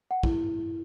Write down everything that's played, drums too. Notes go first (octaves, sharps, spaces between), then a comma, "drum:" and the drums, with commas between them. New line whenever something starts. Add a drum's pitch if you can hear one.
F#5
E4, drum: kick